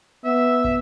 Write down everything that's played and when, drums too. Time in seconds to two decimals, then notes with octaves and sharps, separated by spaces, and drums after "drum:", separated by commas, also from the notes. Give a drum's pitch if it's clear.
0.25 B3 E5
0.64 drum: kick